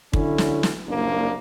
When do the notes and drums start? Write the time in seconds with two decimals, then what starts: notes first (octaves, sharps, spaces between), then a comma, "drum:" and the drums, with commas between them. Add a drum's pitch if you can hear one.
0.13 D3 F#3 C#4 E4, drum: kick
0.38 drum: snare
0.63 drum: snare
0.87 F#1 C2 A#2 A#3 D4